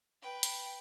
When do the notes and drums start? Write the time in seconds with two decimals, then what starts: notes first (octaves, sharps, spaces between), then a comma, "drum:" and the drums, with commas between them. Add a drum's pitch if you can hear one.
0.22 B4 G5
0.43 drum: hi-hat